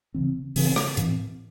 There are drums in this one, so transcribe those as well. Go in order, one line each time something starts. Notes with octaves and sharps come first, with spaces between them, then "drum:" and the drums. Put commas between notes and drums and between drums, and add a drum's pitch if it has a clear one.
C#3 E3 C4
C#3 E3 C4, drum: open hi-hat
drum: rim click
A2 E3 C4, drum: hi-hat